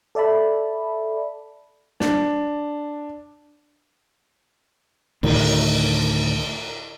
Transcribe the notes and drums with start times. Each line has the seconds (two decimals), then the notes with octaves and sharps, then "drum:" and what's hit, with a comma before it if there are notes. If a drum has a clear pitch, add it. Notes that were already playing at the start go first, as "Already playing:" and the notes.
0.15 A4 D5 E5 A5 B5
2.00 D4, drum: snare
5.23 D2 A2 D#3, drum: cymbal